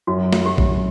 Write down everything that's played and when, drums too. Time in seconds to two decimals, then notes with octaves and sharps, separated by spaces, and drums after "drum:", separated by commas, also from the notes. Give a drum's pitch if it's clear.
0.07 F#2 F#4
0.33 F#3, drum: snare
0.46 G4
0.58 F#2, drum: kick A#1